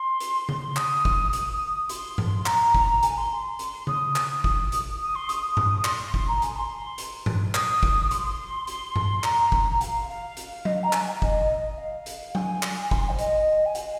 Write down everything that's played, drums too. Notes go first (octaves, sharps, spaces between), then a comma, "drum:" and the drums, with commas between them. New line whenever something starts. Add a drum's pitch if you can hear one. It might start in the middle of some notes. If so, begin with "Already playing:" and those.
Already playing: C6
drum: hi-hat
drum: tom C#3
D#6, drum: clap
drum: kick
D#6, drum: hi-hat
C6, drum: hi-hat
drum: tom G2
A#5, drum: clap
drum: kick
G#5, drum: hi-hat
C6
drum: hi-hat
D#6, drum: tom C#3
drum: clap
D#6, drum: kick
drum: hi-hat
D#6
C6
D#6, drum: hi-hat
drum: tom G2
C6, drum: clap
C6, drum: kick
A#5
G#5, drum: hi-hat
C6
drum: hi-hat
drum: tom G2
D#6, drum: clap
drum: kick
C6, drum: hi-hat
drum: hi-hat
drum: tom G2
A#5, drum: clap
drum: kick
F5, drum: hi-hat
F5
drum: hi-hat
D#5, drum: tom F#3
F5
A#5
G#5, drum: clap
F5
D#5, drum: kick
F5
drum: hi-hat
G#5, drum: tom F#3
drum: clap
C6, drum: kick
G#5
C5
D#5, drum: hi-hat
G#5
F5, drum: hi-hat